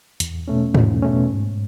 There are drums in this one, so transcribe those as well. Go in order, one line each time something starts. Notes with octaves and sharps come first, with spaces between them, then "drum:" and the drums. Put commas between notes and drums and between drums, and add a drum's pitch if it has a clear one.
E2, drum: hi-hat
B2 A3 C#4
E2, drum: tom G#2
B2 A3 C#4
G#2